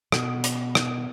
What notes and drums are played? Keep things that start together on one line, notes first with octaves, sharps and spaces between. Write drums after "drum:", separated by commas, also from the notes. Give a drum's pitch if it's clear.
B2, drum: rim click
drum: hi-hat
drum: rim click